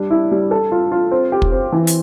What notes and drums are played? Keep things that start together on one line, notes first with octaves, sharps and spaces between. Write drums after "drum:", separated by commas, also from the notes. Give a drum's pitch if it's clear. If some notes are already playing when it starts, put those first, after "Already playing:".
Already playing: G3 D4
E4
G3
A4
F4
F4
C4
G4
drum: kick
C4
E3
drum: hi-hat